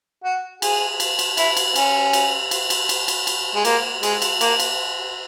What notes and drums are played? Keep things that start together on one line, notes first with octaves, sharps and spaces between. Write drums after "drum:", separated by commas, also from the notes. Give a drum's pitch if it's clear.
F#4
G#4, drum: cymbal
drum: cymbal
drum: cymbal
E4, drum: cymbal
drum: cymbal
C#4, drum: cymbal
drum: cymbal
drum: cymbal
drum: cymbal
drum: cymbal
drum: cymbal
drum: cymbal
G#3
A#3, drum: cymbal
G#3, drum: cymbal
drum: cymbal
A#3, drum: cymbal
drum: cymbal